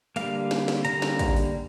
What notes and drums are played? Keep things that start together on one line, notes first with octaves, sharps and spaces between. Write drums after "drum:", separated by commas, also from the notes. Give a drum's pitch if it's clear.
D3 G3 A#3 F5, drum: hi-hat
drum: snare
drum: snare
D3 G3 A#3 A#5, drum: hi-hat
drum: snare
drum: kick, hi-hat
drum: open hi-hat